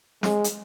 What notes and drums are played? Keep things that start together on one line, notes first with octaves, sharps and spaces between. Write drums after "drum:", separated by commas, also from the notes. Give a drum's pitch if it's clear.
G#3, drum: snare
drum: hi-hat